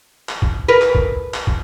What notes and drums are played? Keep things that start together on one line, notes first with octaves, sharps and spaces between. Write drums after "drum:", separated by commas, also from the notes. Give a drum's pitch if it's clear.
drum: clap
drum: kick
A#4 B4
drum: clap
drum: kick
drum: clap
drum: kick